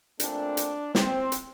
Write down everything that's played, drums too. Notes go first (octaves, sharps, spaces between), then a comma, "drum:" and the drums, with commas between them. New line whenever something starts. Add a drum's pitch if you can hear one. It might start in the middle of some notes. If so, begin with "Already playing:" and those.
A#2 A3 C4 D4, drum: hi-hat
drum: hi-hat
C4, drum: snare
drum: hi-hat